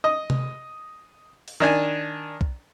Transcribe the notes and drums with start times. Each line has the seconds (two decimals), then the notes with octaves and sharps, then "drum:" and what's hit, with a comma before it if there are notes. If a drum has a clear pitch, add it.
0.04 D#5
0.30 drum: tom C3
1.48 drum: open hi-hat
1.60 D#3 D4 G#5
2.41 drum: kick B1